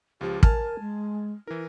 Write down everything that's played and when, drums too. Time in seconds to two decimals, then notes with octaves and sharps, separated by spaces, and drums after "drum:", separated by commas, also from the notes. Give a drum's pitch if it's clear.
0.21 C#2 F3 G4
0.43 A#4 G#5 A5 F6, drum: kick
0.79 G#3
1.47 E3 E4 A#4